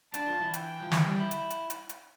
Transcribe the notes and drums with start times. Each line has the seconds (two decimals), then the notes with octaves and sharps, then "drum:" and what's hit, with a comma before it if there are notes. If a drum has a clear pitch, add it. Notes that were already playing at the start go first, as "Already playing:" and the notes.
0.14 D4 A5, drum: hi-hat
0.27 F3
0.41 E3
0.54 G5, drum: hi-hat
0.81 F3
0.92 E3, drum: snare
1.05 G3
1.19 E4
1.31 drum: hi-hat
1.50 drum: hi-hat
1.70 drum: hi-hat
1.89 drum: hi-hat